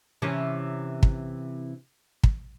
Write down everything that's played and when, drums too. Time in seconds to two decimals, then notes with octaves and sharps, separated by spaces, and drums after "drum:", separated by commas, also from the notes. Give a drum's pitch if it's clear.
0.22 C3 E3 C#4
1.03 drum: kick
2.24 drum: kick